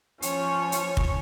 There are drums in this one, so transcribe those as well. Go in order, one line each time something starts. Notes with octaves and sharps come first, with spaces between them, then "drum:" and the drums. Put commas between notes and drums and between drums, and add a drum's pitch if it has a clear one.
F3 C#4 C#5, drum: hi-hat
drum: hi-hat
drum: kick